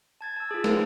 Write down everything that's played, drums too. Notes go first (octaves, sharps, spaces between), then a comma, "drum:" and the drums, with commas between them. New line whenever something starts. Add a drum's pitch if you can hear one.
A5 G#6 A6
A5 E6
F4 G#4
D#4 B4 C5 F5, drum: snare